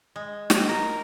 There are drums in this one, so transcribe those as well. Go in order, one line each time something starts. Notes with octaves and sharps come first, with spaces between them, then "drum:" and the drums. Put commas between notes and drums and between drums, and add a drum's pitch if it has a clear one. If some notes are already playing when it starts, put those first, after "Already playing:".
G#3
drum: snare
A#4